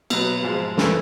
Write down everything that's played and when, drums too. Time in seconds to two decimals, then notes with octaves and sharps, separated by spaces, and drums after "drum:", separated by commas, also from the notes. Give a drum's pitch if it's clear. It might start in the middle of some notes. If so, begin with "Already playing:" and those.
0.10 B2 F#3 B3, drum: cymbal
0.43 G#2 F3 G#3
0.78 C#3 E3 A3, drum: snare